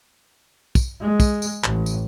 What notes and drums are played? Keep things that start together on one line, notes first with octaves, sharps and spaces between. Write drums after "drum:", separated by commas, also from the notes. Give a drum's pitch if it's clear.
drum: kick, tambourine
G#3
drum: kick, tambourine
drum: tambourine
A1, drum: clap
drum: tambourine